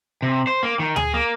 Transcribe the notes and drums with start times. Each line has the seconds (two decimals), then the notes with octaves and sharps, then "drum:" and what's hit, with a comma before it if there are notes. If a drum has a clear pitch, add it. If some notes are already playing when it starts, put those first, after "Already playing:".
0.22 C3
0.47 C5
0.63 A#3
0.80 D#3
0.96 G#4, drum: tom D2
1.14 A#3